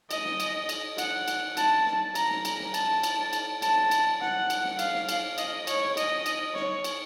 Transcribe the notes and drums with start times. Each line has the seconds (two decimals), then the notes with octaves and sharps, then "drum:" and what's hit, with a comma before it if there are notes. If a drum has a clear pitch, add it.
0.11 D#5, drum: cymbal
0.25 drum: snare
0.40 drum: cymbal
0.69 drum: cymbal
0.98 F#5, drum: cymbal
1.28 drum: cymbal
1.57 A5, drum: cymbal
1.86 drum: snare
2.15 A#5, drum: cymbal
2.30 drum: snare
2.45 drum: cymbal
2.60 drum: snare
2.74 A5, drum: cymbal
3.03 drum: cymbal
3.33 drum: cymbal
3.62 A5, drum: cymbal
3.91 drum: cymbal
4.21 F#5, drum: snare
4.50 drum: cymbal
4.65 drum: snare
4.79 F5, drum: cymbal
4.94 drum: snare
5.09 drum: cymbal
5.38 D#5, drum: cymbal
5.67 C#5, drum: cymbal
5.97 D#5, drum: cymbal
6.26 drum: cymbal
6.55 C#5, drum: snare
6.84 drum: cymbal